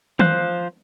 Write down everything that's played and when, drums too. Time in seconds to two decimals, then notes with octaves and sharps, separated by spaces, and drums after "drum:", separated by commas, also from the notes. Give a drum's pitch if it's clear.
0.19 F3 C5 F5 F#6, drum: tom D#3